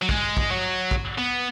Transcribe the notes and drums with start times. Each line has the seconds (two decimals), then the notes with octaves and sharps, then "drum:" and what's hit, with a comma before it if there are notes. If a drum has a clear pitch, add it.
0.02 F#3
0.09 G#3, drum: kick
0.37 drum: kick
0.50 F#3
0.91 drum: kick
1.19 B3